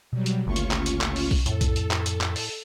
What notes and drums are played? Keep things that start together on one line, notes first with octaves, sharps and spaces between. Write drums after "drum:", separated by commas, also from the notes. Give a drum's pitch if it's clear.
B2 F#3 G3
drum: hi-hat
G1 C#2 A3 A#3 C#4 F4 C#6
drum: hi-hat
drum: clap
drum: hi-hat
drum: clap
drum: open hi-hat
drum: kick B1, open hi-hat
F2 A2 A4, drum: hi-hat
drum: kick B1, hi-hat
drum: hi-hat
drum: clap
drum: hi-hat
drum: clap
drum: open hi-hat